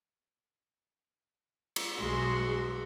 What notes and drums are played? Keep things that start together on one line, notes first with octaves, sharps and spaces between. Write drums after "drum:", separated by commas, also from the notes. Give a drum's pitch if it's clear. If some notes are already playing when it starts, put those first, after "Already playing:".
drum: cymbal
B1 G#3 F#4 C6